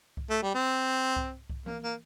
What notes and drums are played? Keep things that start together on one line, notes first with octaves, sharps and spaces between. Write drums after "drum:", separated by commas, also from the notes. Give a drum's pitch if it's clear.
drum: kick C2
A3
G3
C4
drum: kick C2
drum: kick C2
A#3, drum: tom E3
A#3